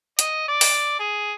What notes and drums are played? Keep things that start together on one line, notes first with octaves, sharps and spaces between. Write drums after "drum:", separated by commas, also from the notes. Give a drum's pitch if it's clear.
D#5, drum: hi-hat
D5
drum: open hi-hat
G#4